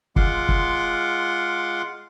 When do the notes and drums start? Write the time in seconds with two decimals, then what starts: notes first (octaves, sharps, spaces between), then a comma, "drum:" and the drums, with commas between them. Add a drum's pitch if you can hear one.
0.16 G#3 F4 F#5 C6 D6, drum: kick
0.49 drum: kick